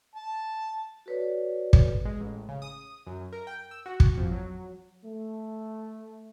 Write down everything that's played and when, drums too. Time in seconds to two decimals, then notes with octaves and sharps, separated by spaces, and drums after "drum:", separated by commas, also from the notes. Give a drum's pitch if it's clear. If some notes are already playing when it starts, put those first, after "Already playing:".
0.16 A5
1.06 F#4 A4 B4 C#5 D5
1.73 drum: kick
2.05 G#3
2.20 A1
2.49 C#3
2.62 D#6
3.07 F#2
3.32 A#4
3.47 G5
3.71 E6
3.86 F#4
4.00 drum: kick
4.17 F2
4.32 F#3
5.03 A3